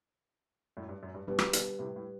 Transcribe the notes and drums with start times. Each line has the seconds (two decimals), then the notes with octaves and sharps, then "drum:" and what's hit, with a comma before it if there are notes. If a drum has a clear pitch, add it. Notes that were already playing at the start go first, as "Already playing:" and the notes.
0.77 F#2 A2
0.89 G2
1.03 F#2
1.14 G2
1.27 G2 B2 G3 D4 G4 B4
1.39 drum: rim click
1.53 B2 D3, drum: hi-hat
1.79 A2 C3
1.96 A2